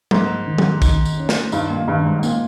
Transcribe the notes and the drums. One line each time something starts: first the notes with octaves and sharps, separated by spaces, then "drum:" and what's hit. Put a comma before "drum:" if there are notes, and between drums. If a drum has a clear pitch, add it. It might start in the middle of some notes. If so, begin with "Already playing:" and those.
G#2 A#3, drum: tom F3
D#3
drum: tom F3
D#3, drum: kick A1, tambourine
drum: tambourine
C#4
drum: snare
G2 D#4, drum: tambourine
A#2
G2 D#3
G#2
G#2
A#2 A#3, drum: tambourine